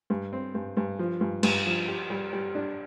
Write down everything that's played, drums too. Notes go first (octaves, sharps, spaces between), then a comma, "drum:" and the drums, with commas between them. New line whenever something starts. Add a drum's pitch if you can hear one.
G2
C4
G2
G2
F3
G2
G2, drum: cymbal
F3
G4
G3
G3
D4